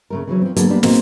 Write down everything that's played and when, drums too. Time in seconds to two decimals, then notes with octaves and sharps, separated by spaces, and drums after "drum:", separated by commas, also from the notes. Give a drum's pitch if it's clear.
0.10 C#3 A3 A#4
0.27 C#3 E3 F#3 C#4
0.42 F3 C4
0.56 D3 F#3 A#3 B3 G#4 A4, drum: hi-hat
0.70 G3 A#3 B3 D4
0.83 A#3 C4 D#4 F#4 G#4, drum: snare